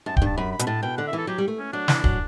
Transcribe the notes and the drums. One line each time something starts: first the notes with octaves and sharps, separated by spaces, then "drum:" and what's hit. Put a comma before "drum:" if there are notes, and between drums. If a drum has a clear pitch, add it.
F#2 A5
G5, drum: kick
G2 A5
F#2 B5
B5
B2, drum: hi-hat
A2 A5
B2 G5
D3 F#5
E5
E3 A4
F#3 G4
G3
A3
C#4
F#3 D4
E3, drum: snare
F#3, drum: kick